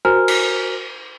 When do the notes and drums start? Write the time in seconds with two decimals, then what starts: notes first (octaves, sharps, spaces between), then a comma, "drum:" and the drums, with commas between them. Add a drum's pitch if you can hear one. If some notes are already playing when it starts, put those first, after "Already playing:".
0.05 F#4 A#4 C5 G#5 A#5 F6
0.28 drum: cymbal